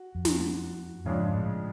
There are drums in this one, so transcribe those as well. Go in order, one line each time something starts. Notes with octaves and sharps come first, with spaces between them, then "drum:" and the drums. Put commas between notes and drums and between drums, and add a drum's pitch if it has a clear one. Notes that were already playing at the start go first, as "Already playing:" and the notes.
Already playing: F#4
F2
drum: snare
F2 G#2 C#3 F3 G#3 D4
A2